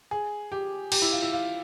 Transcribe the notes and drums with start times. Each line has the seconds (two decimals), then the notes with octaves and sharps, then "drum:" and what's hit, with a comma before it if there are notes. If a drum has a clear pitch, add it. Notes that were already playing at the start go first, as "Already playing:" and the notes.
0.11 G#4
0.52 G4
0.92 G4, drum: cymbal
1.02 E4
1.12 F4
1.22 E4
1.33 F4